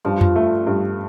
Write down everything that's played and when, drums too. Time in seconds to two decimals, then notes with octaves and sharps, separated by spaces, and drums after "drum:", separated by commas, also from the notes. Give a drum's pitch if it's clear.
0.05 G2 F3
0.21 drum: tom F2
0.36 A3
0.67 G2